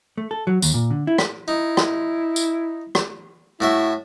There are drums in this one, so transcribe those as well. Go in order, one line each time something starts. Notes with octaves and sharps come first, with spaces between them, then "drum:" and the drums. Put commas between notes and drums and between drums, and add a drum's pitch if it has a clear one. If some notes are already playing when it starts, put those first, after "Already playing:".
A3
A4
F#3
D#2, drum: tambourine
A#2
D3
E4
drum: rim click
D#4 E4
drum: rim click
drum: tambourine
drum: rim click
A2 E4 F#4 E5